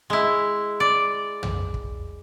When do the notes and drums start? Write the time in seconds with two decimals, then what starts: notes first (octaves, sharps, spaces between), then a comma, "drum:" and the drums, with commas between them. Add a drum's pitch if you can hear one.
0.10 G#3 E4
0.80 D5
1.43 drum: tom
1.74 drum: kick